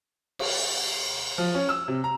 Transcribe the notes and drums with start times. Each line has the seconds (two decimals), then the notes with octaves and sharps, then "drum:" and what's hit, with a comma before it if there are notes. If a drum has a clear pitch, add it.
0.39 drum: cymbal
1.38 F3
1.54 C#4
1.69 E6
1.88 C3
2.04 A#5